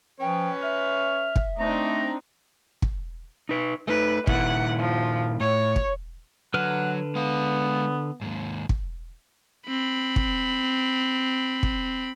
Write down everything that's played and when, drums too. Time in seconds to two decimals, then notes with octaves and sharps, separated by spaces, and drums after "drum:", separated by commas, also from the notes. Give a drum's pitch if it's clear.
0.20 F3 C#4 B4 C#5 G5
0.62 E5 F6
1.36 drum: kick
1.60 A3 C4 D4 D#4 D#5 A#5
2.82 drum: kick
3.49 D#4 B4
3.88 A3 D#4 B4
4.27 A#2 D#3 E4 F#5, drum: kick
4.79 F3
5.40 A2 C#5
5.76 drum: kick
6.54 D3 F#3 B4 F#5 F6
7.15 G#3 B3 F5
8.21 D#2 G#2
8.69 drum: kick
9.68 C4 B5
10.16 drum: kick
11.63 drum: kick